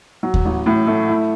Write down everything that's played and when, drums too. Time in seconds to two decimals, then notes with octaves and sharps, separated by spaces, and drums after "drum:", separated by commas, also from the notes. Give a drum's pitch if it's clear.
0.23 F#3
0.34 drum: kick D#2
0.45 A1
0.66 A2
0.87 A3
1.09 E4